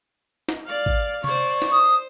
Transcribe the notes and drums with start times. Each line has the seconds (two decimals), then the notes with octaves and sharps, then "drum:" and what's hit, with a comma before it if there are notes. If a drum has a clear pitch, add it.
0.49 drum: snare
0.66 D5 F5
0.86 drum: kick G#1
1.24 C5 D5 C#6, drum: tom C3
1.62 drum: snare
1.72 C5 D#6